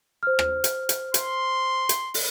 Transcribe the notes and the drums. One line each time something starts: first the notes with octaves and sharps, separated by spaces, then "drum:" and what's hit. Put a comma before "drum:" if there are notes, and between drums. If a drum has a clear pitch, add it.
C5 F6
drum: rim click
drum: hi-hat
drum: hi-hat
C6, drum: hi-hat
drum: hi-hat
drum: open hi-hat